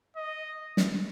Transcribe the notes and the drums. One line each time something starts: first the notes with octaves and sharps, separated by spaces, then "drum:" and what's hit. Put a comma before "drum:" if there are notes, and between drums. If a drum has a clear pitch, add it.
D#5
drum: snare